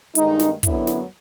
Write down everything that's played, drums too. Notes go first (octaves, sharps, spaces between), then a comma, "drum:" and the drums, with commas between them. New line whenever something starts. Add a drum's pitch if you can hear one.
G2 D#3 G#3 D#4, drum: hi-hat
drum: snare
F#2 D3 F#3 B3 E4, drum: kick, hi-hat
drum: snare